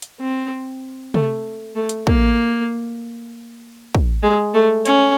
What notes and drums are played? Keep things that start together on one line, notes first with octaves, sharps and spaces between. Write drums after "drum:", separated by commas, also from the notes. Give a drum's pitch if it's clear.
drum: hi-hat
C4
A3, drum: tom C3
A3
drum: hi-hat
A#3, drum: kick
drum: kick
G#3
A3
C#4, drum: hi-hat